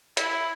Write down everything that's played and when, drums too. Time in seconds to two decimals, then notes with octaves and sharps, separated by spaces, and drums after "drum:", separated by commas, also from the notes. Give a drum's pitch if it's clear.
0.17 E4, drum: hi-hat